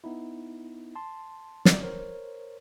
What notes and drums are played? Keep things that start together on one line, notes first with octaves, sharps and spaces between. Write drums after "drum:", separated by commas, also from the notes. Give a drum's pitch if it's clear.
B3 D#4 E4
A5 C6
D5, drum: snare
A#4 C5 C#5